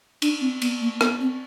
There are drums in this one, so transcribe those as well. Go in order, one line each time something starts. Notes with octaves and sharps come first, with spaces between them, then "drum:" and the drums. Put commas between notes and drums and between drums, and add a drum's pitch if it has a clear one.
D4, drum: cymbal
C4
B3, drum: cymbal
A#3
B3, drum: rim click
C4